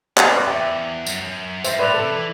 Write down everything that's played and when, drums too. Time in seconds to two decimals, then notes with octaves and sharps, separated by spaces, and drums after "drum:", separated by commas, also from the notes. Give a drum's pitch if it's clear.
0.18 A2 C5, drum: clap
0.33 B4 D5
0.47 E2 E5 G5
1.07 F#2, drum: tambourine
1.20 F#2
1.64 G2 C5 E5, drum: tambourine
1.79 A2 B4 D5
1.94 C3 A4
2.09 E3